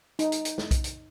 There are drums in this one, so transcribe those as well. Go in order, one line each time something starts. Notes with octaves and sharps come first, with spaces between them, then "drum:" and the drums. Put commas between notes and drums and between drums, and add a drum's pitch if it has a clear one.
D#4, drum: hi-hat
drum: hi-hat
drum: hi-hat
drum: snare
drum: kick B1, hi-hat
drum: hi-hat